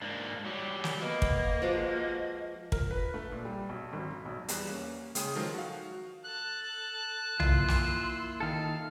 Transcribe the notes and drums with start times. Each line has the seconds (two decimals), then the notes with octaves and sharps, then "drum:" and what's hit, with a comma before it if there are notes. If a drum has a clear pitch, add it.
0.01 G#2 A#3 D4
0.45 F#3 G3 G4
0.84 drum: snare
1.01 A#3 B3 D#5
1.22 drum: kick
1.62 F3 G#3 F#4
2.72 A#4, drum: kick
2.91 B4
3.14 A3
3.32 A#2
3.45 G3
3.69 B1
3.93 G#1
4.11 A#5
4.26 B1
4.48 E2 G3 F#6, drum: hi-hat
4.69 A#3 C#4
5.15 C#3 G#3 G#4 G5 D#6, drum: hi-hat
5.35 D#3 F3 F#3 G#3 A4 A#4
5.54 F#4 F5
6.24 A4 A5 F#6
7.40 A#3 E4 F4 C6 E6, drum: tom
7.68 drum: snare
8.40 D#3 A4 F5